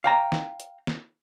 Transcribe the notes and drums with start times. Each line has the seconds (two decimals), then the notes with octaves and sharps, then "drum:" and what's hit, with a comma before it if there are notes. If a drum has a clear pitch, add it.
0.04 F5 G5 A#5
0.32 drum: snare
0.60 drum: hi-hat
0.87 drum: snare